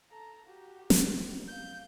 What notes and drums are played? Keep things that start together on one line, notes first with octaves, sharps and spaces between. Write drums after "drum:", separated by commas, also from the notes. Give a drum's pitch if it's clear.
A4 A#5
F#4 G4
drum: snare
F5 G6